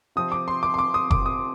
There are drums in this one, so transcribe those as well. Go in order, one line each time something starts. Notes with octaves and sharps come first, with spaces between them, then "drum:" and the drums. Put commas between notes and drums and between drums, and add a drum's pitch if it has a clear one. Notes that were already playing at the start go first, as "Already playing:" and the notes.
C3 F3 C4 D#6
D6
C6
D6
C6
D6
D#6
D6, drum: kick F#1
D#6